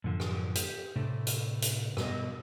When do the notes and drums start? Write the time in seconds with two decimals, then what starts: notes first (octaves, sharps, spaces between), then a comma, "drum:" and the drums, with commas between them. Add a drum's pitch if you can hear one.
0.04 F#2 A2 D3 F3
0.20 drum: rim click
0.55 G4, drum: hi-hat
0.96 A2 C3 A3 D4
1.27 drum: hi-hat
1.62 drum: hi-hat
1.97 G2 B2 D#5, drum: rim click